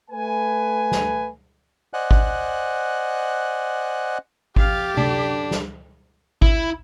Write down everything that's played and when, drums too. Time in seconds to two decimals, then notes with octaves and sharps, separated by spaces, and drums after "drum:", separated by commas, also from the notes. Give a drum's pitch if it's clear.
0.10 A3 B4 G#5
0.92 drum: snare
1.93 C5 D5 D#5 F#5 G#5 F#6
2.11 drum: kick G#1
4.56 F2 G4 F5 A6, drum: kick G#1
4.97 F#2 D3 D4, drum: tom C3
5.51 drum: snare
6.42 E4, drum: kick G#1